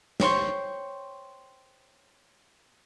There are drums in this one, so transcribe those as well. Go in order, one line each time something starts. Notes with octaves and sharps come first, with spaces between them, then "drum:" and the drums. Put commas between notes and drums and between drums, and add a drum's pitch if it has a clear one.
C5 C#5 G5 C6 C#6, drum: snare